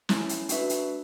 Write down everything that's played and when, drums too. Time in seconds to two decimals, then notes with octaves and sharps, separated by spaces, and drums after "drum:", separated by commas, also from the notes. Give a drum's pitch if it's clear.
0.09 A3 C#4 E4, drum: snare
0.29 drum: hi-hat
0.49 A3 D4 F#4 B4 E5, drum: hi-hat
0.69 drum: hi-hat